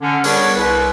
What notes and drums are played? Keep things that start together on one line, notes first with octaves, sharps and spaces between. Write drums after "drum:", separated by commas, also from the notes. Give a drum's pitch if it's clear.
D3 C#4
G3 B3 D4 G#4 A#4 C#5, drum: open hi-hat
C2 B4